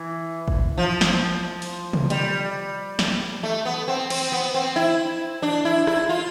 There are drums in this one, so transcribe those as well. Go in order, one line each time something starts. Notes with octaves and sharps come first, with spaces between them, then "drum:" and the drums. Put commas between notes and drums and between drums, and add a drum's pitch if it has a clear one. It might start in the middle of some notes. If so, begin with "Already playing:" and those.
Already playing: E3
drum: kick G#1
F3
drum: snare
drum: open hi-hat
drum: tom C3
G3, drum: hi-hat
drum: snare
A3
B3
C4
C4, drum: cymbal
B3
C4
E4
D4
E4
E4, drum: rim click
F4